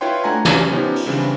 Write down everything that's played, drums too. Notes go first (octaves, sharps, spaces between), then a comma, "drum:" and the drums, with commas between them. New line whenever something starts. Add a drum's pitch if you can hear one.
E4 F4 B4 C#5 G5 C6
A3 D4 F#5 G#5 A#5 G#6
E3 C#4, drum: snare
F3 B3 C#4 D#4 G4
drum: open hi-hat
C#3 E3 G3 C4 D4